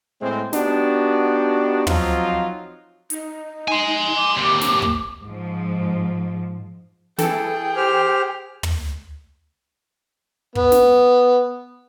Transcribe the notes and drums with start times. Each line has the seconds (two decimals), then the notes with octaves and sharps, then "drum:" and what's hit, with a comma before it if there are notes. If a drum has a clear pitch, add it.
0.21 A2 G#3 C4
0.53 B3 D4 D#4 F#4 G4, drum: snare
1.87 F3 F#3 C4 D#4 F4, drum: tom
3.10 D#4, drum: hi-hat
3.68 G#5 C6
4.16 D6
4.37 D#2 C3
4.61 drum: snare
4.82 drum: kick
5.24 G#2 F3
7.18 E3 G#4 A4 G5, drum: snare
7.76 G4 C5 F6
8.63 drum: tom
10.55 B3, drum: kick
10.72 drum: snare